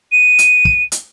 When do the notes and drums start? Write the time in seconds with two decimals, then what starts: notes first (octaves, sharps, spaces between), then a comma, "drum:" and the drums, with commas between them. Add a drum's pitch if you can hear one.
0.12 D#7
0.39 drum: hi-hat
0.65 drum: kick
0.92 drum: hi-hat